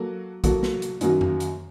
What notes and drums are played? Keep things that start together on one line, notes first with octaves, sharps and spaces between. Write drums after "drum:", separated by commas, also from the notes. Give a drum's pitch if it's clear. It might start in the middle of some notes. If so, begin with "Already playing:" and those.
Already playing: F#3 A#3 F#4 A4
F#3 A#3 F#4 A4, drum: kick B1, hi-hat
drum: snare
drum: hi-hat
F#2 D#3 F#3 A#3 F#4, drum: hi-hat
drum: tom F2
drum: hi-hat